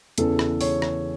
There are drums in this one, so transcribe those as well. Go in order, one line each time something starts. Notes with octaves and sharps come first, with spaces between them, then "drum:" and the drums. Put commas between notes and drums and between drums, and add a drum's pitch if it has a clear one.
E2 C#3 E3 A4, drum: hi-hat
drum: rim click
C#5, drum: open hi-hat
drum: rim click